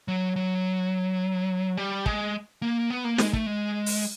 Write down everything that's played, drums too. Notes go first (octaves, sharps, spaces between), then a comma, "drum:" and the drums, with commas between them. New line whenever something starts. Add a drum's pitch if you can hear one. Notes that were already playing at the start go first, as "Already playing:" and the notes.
F#3
F#3
G3
G#3, drum: kick
A#3
B3
A#3
G#3, drum: snare
A3, drum: kick
G#3
drum: open hi-hat